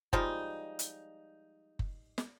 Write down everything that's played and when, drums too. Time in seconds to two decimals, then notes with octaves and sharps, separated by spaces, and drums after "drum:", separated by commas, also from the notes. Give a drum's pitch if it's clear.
0.13 F3 G3 G#3 D#4, drum: kick F#1
0.79 drum: hi-hat
1.79 drum: kick F#1
2.18 drum: snare